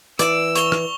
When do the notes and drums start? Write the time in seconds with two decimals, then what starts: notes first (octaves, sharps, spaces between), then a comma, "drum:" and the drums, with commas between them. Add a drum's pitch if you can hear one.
0.19 E3 D5 E6, drum: hi-hat
0.55 C#6 F7 G7, drum: hi-hat
0.72 drum: rim click